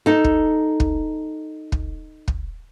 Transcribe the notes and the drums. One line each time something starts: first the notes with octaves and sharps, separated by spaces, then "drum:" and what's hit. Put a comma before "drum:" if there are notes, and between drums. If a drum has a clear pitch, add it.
D#4 A4
drum: kick
drum: kick
drum: kick
drum: kick